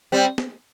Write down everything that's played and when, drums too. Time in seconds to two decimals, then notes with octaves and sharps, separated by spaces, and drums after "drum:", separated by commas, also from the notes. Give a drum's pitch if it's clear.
0.12 G3 C4
0.38 drum: snare